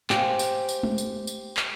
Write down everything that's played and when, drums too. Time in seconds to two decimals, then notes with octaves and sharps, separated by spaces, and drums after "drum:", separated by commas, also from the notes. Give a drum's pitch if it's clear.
0.10 G4 C5 F5 G#5, drum: clap
0.39 drum: tambourine
0.69 drum: tambourine
0.83 drum: tom G#3
0.98 drum: tambourine
1.27 drum: tambourine
1.57 drum: clap